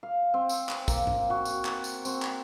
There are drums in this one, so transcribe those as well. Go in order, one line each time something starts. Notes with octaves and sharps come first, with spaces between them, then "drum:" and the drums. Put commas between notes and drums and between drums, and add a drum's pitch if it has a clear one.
F5
C4
drum: tambourine
drum: clap
A#3, drum: kick, tambourine
drum: tom G#2
F#4
drum: tambourine
drum: clap
drum: tambourine
C4, drum: tambourine
drum: clap